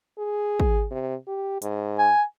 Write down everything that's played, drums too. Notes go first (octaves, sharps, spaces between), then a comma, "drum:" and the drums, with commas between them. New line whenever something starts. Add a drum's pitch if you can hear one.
G#4
drum: kick
C3
G4
G#2, drum: hi-hat
G#5